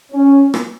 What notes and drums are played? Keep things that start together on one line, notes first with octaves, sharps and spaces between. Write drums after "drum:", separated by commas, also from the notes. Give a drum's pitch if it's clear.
C#4
drum: rim click